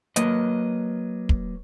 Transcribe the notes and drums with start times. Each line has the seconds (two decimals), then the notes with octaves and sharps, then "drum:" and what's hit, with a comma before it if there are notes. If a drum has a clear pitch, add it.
0.16 F#3 A#3 B4 D#5, drum: hi-hat
1.29 drum: kick